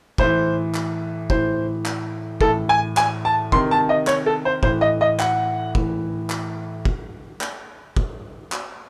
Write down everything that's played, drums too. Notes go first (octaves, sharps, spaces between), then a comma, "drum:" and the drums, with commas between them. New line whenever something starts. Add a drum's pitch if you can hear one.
A2 E3 C5, drum: kick
drum: clap
A2 E3 C5, drum: kick
drum: clap
A2 E3 A4, drum: kick
G#5
G#5, drum: clap
A5
C3 D#3 C6, drum: kick
A5
D#5
C#5, drum: clap
A4
C5
A2 E3 C5, drum: kick
D#5
D#5
F#5, drum: clap
A2 E3, drum: kick
drum: clap
drum: kick
drum: clap
drum: kick
drum: clap